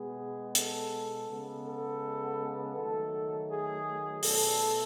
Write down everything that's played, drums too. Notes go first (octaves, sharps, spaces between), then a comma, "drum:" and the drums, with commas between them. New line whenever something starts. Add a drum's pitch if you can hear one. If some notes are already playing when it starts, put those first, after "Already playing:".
Already playing: B2 G#3 B3 G#4
A4, drum: hi-hat
C#3 G#3 B3
A4
D#3 F#3 A3 A4
G#4
B2 A3 A4, drum: open hi-hat